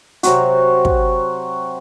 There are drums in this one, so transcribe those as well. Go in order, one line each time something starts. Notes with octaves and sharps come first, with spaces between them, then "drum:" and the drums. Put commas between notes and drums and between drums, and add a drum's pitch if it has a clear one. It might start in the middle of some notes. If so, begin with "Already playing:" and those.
C3 F#3 C4 F#4, drum: hi-hat
drum: kick